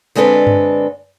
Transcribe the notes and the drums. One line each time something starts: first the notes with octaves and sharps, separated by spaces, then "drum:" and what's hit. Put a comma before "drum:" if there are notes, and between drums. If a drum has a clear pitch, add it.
D3 G#3 C4 D4 A4 B4
drum: tom G2